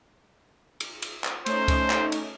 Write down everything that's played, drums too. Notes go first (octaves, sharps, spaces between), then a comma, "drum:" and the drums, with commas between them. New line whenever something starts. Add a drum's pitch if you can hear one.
drum: cymbal
drum: cymbal
drum: clap
A3 C#4 D#4 C5, drum: cymbal
drum: kick C#2, cymbal
drum: clap
drum: cymbal